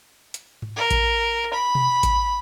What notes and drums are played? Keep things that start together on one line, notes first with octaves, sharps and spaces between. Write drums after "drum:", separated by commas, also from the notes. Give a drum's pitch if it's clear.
drum: hi-hat
drum: tom G#2
A#4
drum: kick A1, hi-hat
B5
drum: tom B2
drum: kick A1, hi-hat